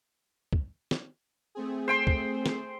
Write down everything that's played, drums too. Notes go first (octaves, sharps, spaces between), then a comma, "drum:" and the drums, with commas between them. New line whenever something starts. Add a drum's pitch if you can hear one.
drum: kick
drum: snare
A3 C4 G#4
C5 G5 C6
drum: kick
drum: snare